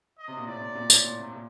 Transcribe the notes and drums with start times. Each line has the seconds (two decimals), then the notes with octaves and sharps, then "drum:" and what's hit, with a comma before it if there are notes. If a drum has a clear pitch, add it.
0.18 D#5
0.28 C3
0.37 A#2
0.46 A2 D5
0.62 A#2
0.75 A#2
0.90 A2, drum: tambourine
1.04 A#2
1.18 C3
1.32 A#2